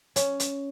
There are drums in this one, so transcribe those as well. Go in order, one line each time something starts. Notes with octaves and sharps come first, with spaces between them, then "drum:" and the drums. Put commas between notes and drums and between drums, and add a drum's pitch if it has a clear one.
C#4, drum: hi-hat
drum: hi-hat